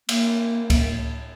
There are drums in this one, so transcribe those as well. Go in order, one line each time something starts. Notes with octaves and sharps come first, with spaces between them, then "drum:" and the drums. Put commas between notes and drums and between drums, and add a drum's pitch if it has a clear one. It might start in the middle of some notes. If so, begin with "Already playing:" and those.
A#3, drum: cymbal
drum: kick C#2, cymbal